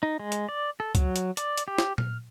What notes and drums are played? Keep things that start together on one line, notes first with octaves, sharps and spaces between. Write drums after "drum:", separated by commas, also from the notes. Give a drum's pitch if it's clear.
D#4
G#3
drum: hi-hat
D5
A4
F#3, drum: kick, hi-hat
drum: hi-hat
D5, drum: hi-hat
drum: hi-hat
G4
drum: snare
F6, drum: tom A#2